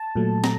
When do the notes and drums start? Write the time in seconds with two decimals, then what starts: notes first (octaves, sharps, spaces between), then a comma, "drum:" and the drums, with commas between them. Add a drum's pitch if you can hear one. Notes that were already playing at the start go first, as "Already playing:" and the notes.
Already playing: A5
0.16 A#2 F#3 A3
0.44 A#5, drum: snare